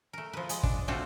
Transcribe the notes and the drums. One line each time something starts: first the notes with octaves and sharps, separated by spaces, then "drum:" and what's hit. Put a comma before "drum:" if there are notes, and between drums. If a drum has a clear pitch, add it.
A3 A#4
F3 B4
G#3, drum: hi-hat
D4, drum: kick
A3 C4 D4 F4 F#4